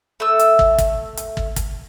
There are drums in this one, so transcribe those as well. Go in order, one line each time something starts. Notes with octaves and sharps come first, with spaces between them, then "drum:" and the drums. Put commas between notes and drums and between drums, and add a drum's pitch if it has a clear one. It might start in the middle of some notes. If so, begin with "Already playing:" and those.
A3 E6
drum: hi-hat
drum: kick
drum: kick, hi-hat
drum: hi-hat
drum: kick
drum: kick, hi-hat